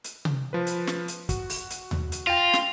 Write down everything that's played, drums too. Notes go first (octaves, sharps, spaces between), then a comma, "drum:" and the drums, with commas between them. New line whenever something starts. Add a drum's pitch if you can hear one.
drum: hi-hat
drum: tom C3
F3 B4
drum: hi-hat
drum: snare
drum: hi-hat
F#4, drum: kick, hi-hat
drum: open hi-hat
drum: hi-hat
drum: tom D#2
drum: hi-hat
F4 G5 A6 A#6
drum: snare